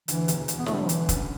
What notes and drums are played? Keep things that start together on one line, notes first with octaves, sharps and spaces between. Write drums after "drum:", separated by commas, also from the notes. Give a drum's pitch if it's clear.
D2 E3, drum: hi-hat
E1, drum: hi-hat
E1, drum: hi-hat
B3
D3 A3, drum: snare
G3
F#3
D3 E3, drum: hi-hat
F#2, drum: kick, hi-hat